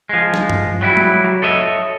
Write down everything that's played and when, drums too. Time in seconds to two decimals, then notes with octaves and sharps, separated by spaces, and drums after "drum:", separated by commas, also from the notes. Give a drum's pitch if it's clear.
0.09 F3 G#3
0.34 drum: snare
0.49 drum: tom G2
0.81 F#3 G3 E4
0.97 drum: tom
1.24 F#3
1.42 A4 C#5 D#5 E5